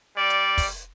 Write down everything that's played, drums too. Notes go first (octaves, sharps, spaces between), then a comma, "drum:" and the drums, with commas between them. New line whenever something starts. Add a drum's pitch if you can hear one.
G3 D5
drum: hi-hat
drum: kick, open hi-hat